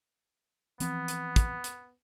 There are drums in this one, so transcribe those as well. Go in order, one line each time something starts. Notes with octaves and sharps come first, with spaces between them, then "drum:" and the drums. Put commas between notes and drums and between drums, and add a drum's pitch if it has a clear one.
E3 F3 B3 C4, drum: hi-hat
drum: hi-hat
drum: kick, hi-hat
drum: hi-hat